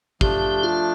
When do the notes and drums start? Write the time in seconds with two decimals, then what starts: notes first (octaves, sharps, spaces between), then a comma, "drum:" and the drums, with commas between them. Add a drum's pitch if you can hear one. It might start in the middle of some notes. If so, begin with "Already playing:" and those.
0.21 F3 A3 D4 G4, drum: kick
0.63 F4